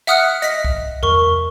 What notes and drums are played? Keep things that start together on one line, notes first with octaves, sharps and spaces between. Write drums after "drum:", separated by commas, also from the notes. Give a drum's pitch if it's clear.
E5 F#5 D#6 F6 F#6 C#7, drum: hi-hat
D#5 B6, drum: hi-hat
drum: kick C2
A#4 C#6, drum: tom E2